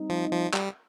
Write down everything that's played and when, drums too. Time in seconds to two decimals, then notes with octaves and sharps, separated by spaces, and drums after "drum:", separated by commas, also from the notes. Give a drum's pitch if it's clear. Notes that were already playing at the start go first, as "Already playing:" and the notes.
Already playing: G3 C4 D#4
0.10 F3
0.32 F3
0.54 G3, drum: clap